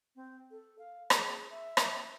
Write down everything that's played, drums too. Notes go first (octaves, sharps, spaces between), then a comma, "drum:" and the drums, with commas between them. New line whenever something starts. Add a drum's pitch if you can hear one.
C4
A4
F5
G#4, drum: rim click
E5
drum: rim click